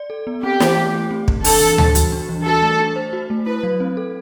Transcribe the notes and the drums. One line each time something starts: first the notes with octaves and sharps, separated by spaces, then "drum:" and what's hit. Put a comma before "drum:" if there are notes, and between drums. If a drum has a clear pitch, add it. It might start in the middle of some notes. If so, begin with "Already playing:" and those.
Already playing: D5
A4
B3
C4 G4
E3, drum: snare
A3
G4
C4
E3, drum: kick
D4 A4, drum: open hi-hat
E3
G3, drum: tom D2
F#4, drum: hi-hat
D4
E3
F#4 A4
A3
D4
C5
F#4
A3
E4 B4
F#3
C4
A4